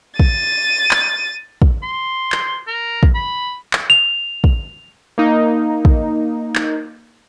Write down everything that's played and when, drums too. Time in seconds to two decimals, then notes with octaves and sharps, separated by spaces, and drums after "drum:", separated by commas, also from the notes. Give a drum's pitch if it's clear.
0.20 A6 D#7, drum: kick
0.91 drum: clap
1.62 drum: kick
1.83 C6
2.32 drum: clap
2.67 A#4
3.03 drum: kick
3.15 B5
3.73 drum: clap
3.90 F7
4.44 drum: kick
5.18 A#3 D#4
5.85 drum: kick
6.55 drum: clap